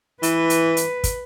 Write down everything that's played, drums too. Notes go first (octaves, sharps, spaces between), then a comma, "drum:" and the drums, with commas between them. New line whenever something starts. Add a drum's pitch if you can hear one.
E3 B4, drum: hi-hat
drum: hi-hat
drum: hi-hat
drum: kick, hi-hat